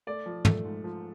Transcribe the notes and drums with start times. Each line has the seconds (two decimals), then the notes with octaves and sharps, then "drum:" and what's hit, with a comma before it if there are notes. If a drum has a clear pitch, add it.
0.07 A3 D5
0.26 F3
0.45 A3, drum: tom
0.64 G#2
0.84 F3